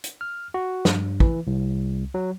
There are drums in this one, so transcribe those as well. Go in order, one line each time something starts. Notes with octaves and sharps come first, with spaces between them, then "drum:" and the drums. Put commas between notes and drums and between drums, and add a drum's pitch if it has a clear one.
drum: hi-hat
F6
F#4
G2, drum: snare
E3, drum: kick
C2
F#3